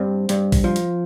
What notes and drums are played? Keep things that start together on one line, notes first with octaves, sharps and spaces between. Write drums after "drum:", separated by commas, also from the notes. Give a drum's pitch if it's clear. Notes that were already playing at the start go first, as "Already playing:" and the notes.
Already playing: G2 C4
G2, drum: hi-hat
drum: kick A#1, open hi-hat
F3
drum: hi-hat